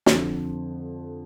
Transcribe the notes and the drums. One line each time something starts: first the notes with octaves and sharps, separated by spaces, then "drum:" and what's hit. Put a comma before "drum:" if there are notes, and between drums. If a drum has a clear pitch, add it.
F2 D3 F3, drum: snare